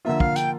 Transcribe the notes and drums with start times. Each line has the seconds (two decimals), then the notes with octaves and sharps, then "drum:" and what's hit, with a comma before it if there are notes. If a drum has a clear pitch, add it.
0.05 D3 F3 A#3 F4 E5
0.20 F5, drum: kick
0.36 G5, drum: hi-hat